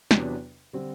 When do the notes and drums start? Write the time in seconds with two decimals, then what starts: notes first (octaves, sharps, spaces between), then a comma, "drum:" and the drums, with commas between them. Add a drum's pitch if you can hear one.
0.11 E2 C3 F#3 B3 D4, drum: snare
0.73 D3 G3 C4